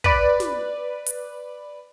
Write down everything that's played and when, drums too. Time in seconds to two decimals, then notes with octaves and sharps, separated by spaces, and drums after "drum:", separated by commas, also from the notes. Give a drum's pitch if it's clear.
0.04 B4 D5, drum: kick
0.40 drum: snare
1.06 drum: hi-hat